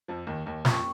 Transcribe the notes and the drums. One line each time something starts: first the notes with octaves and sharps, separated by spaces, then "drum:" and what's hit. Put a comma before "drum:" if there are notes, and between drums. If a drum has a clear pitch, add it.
F2 F3
D#2 D#3
D#2 D#3
F2 F3 A#3 C#4 G4 C#5, drum: snare